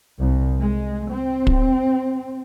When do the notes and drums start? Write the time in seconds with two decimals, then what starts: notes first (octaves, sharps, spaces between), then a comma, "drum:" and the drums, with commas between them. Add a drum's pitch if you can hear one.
0.19 C2
0.60 G#3
1.12 C4
1.47 drum: kick